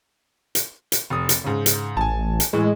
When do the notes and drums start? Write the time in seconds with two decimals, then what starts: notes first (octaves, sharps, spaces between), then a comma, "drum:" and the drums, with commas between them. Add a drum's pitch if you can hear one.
0.55 drum: hi-hat
0.92 drum: hi-hat
1.10 F1 D#6
1.29 drum: hi-hat
1.44 G#2 C#3
1.66 drum: hi-hat
1.97 A1 G#5 A5
2.40 drum: hi-hat
2.53 A2 E3 G#3